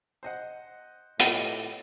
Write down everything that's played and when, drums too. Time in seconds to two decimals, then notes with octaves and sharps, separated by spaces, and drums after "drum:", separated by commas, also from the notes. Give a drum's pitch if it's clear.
0.23 C5 D#5 F#5
1.19 A2 F4 G4 D#5, drum: hi-hat